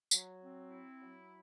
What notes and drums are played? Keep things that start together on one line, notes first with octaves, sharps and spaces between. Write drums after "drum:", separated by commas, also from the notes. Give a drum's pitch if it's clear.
F#3, drum: tambourine
C4
E4
F#3